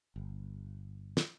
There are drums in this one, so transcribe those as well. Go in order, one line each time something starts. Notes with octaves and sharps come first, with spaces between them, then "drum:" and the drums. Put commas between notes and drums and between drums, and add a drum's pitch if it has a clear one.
G1
drum: snare